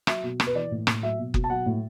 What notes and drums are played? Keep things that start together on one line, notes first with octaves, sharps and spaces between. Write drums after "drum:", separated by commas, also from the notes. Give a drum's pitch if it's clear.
F#3 E5, drum: rim click
B2
B2, drum: rim click
B4
E3 D5
A2
A2, drum: rim click
F#3 E5
B2
B2, drum: kick F#1
A5
F#3 F#5
A2